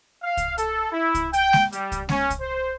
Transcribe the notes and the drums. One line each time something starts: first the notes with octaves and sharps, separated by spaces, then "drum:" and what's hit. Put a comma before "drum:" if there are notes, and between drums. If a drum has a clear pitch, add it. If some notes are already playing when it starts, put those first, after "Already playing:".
F5
drum: kick C2, hi-hat
A4, drum: hi-hat
E4
drum: kick C2, hi-hat
G5, drum: hi-hat
drum: snare G#3
G3, drum: hi-hat
drum: kick C2, hi-hat
C#4, drum: snare G#3
drum: kick C2, hi-hat
C5